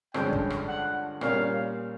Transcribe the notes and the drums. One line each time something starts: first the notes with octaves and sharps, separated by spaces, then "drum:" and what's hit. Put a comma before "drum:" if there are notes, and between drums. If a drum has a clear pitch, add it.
G2 D3 F3 G#3 C#4 G5, drum: rim click
drum: kick
drum: rim click
F#5
A#2 G3 A#3 C#4 F5, drum: rim click